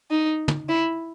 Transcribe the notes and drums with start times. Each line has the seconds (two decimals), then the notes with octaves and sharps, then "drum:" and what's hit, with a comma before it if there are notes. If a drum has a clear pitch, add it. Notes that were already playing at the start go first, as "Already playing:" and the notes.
0.11 D#4
0.48 drum: tom
0.69 E4